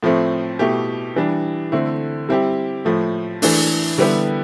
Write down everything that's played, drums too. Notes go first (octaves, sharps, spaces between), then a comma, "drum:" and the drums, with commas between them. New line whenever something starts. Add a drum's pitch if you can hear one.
A2 F3 A3 C4
B2 A3 E4 G4
E3 G3 D4
D3 A3 C4 E4
G3 C4 E4 G4
A2 F3 A3
E3 A3 D4, drum: open hi-hat
D3 G3 B3 E4 G4